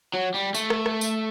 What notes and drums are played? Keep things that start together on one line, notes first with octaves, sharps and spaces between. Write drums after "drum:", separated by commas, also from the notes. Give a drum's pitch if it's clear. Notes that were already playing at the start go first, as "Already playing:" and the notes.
F#3
G3
A3, drum: tambourine
drum: rim click
drum: rim click
drum: tambourine